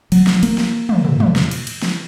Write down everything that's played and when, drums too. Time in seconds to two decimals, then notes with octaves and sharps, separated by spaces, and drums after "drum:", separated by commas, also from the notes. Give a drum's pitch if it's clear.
0.12 F#3, drum: cymbal
0.27 drum: snare
0.43 A#3, drum: cymbal
0.58 drum: snare
0.89 drum: tom
1.05 drum: tom
1.20 drum: tom
1.36 drum: snare
1.51 drum: cymbal
1.67 drum: cymbal
1.82 drum: snare